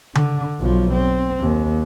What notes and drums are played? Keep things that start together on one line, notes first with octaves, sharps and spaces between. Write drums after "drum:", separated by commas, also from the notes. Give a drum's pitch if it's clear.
D3, drum: tom C#3
B1 F3
C4
D#2